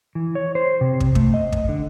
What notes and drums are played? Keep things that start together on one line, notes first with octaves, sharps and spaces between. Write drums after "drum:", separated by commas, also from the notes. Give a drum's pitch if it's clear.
E3
C#5
C5
C3
drum: kick
A3, drum: kick
D#5
drum: kick
D3